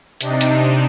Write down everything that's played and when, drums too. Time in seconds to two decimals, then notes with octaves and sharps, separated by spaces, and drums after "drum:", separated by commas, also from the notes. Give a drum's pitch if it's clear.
0.21 C3 D4 D#4, drum: hi-hat
0.41 drum: hi-hat